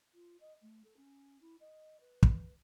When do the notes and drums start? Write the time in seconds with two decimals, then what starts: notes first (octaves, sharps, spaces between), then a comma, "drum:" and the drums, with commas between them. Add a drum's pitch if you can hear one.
0.14 F4
0.40 D#5
0.62 A3
0.84 A4
0.97 C#4
1.41 E4
1.60 D#5
2.00 B4
2.23 drum: kick